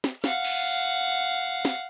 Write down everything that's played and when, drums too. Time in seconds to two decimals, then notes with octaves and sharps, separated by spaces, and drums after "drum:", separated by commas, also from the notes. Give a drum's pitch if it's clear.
0.04 drum: snare
0.24 F5 F#5, drum: snare
0.44 drum: cymbal
1.65 drum: snare